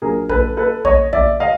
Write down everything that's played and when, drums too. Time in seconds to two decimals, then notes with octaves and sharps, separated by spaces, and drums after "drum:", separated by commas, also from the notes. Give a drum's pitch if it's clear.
0.02 A#1 A#2 F#3 G#4 A#4
0.29 A4 B4, drum: kick A#1
0.57 A4 B4
0.85 C#5 D#5, drum: kick A#1
1.13 D5 E5, drum: kick A#1
1.40 D#5 F5